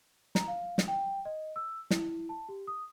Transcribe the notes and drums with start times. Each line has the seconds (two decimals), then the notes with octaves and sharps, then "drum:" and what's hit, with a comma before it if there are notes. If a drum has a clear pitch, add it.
0.35 A#5, drum: snare
0.48 F5
0.78 drum: snare
0.88 G5
1.25 D#5
1.56 E6
1.91 E4, drum: snare
2.29 A5
2.49 G4
2.67 D#6